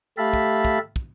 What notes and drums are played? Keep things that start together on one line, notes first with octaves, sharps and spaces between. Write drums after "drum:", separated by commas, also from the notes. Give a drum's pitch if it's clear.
A3 G4 E5 F5 A5 B5
drum: kick
drum: kick
drum: kick